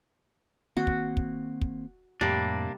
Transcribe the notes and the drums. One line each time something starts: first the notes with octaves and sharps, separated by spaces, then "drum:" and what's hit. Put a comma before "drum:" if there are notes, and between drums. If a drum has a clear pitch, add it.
D#3 A#3 C4 F#4
drum: kick
drum: kick
drum: kick
F2 A2 C3 G3 A#3 D4